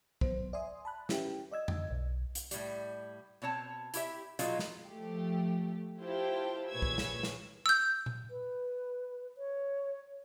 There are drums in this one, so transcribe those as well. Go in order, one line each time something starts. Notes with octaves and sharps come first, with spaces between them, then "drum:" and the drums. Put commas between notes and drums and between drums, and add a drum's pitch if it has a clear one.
B1 F#3 B3 C5, drum: kick
D5 E5 G#5 C6 D#6
A5 B5 F#6
C#4 E4 G4 B4 G5, drum: snare
D5 D#5 E6 G#6
drum: tom F2
B1
drum: hi-hat
A2 G3, drum: hi-hat
B2 C4 C#5 A5
E4 G4 E5, drum: hi-hat
B2 F#3 G#3 D#4 F4, drum: hi-hat
drum: snare
F3 A3 G4
E4 F4 G4 C5 G5 A5
A#2 G#4 B4 C#5 E6 G#6
drum: kick
drum: snare
drum: snare
E6 G6
drum: tom A#2
B4
C#5